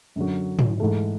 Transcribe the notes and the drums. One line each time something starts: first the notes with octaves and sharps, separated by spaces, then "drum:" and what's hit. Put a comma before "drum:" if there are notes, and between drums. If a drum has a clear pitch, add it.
F#2 D3 F#3
drum: tom
G#2 E3 A3